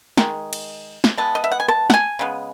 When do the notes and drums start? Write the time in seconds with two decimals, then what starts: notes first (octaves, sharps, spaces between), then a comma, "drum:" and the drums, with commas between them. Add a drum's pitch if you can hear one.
0.17 D#3 G#3, drum: snare
0.53 drum: cymbal
1.04 drum: snare
1.18 E3 G#3 B3 A5
1.35 D#5
1.44 E5
1.52 F#5
1.60 G#5
1.68 A5, drum: rim click
1.90 F#5, drum: snare
1.94 G#5
2.19 C#3 G#3 B3